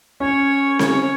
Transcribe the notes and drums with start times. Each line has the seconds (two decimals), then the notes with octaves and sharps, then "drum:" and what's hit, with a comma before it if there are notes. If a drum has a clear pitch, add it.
0.20 C#4 C#5
0.79 C#5, drum: snare C4